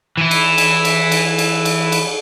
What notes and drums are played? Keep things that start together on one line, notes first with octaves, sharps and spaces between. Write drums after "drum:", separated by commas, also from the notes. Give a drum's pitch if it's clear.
E3 E4
drum: cymbal
drum: cymbal
drum: cymbal
drum: cymbal
drum: cymbal
drum: cymbal
drum: cymbal